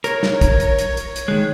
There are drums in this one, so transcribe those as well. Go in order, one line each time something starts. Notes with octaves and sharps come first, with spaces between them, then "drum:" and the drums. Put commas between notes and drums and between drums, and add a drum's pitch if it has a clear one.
A#4 C#5, drum: hi-hat
drum: snare
drum: kick, hi-hat
drum: hi-hat
drum: hi-hat
drum: hi-hat
drum: hi-hat
D#3 G#3